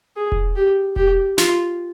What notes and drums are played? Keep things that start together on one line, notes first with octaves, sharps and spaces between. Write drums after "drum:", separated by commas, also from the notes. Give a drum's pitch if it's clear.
G#4
drum: kick E1
G4
G4, drum: kick E1
F4, drum: snare